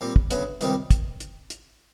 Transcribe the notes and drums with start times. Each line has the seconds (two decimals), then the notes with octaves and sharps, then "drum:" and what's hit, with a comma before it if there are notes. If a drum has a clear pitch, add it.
0.01 A#2 G3 C4
0.16 drum: kick
0.30 D2 C#3 F#3 B3, drum: hi-hat
0.61 C#2 C3 D#3 G3 C4, drum: hi-hat
0.90 drum: kick, hi-hat
1.20 drum: hi-hat
1.50 drum: hi-hat